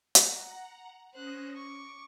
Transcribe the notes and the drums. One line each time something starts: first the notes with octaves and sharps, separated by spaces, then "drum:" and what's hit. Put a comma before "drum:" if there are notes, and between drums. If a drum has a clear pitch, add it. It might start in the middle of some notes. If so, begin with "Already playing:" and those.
F#5 A#5, drum: hi-hat
C#4 C5 D#6 F#6 A#6
C#6 D6